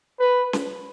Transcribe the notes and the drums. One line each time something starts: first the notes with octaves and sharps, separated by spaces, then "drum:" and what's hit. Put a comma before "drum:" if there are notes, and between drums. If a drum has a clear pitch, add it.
B4
drum: snare C#4